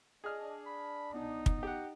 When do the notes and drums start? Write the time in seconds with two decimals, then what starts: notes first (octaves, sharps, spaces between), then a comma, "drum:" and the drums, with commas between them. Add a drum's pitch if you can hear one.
0.24 D4 G#4 D#5 F6
0.66 B5
1.14 B3 D#4
1.46 drum: kick
1.63 G4 F#5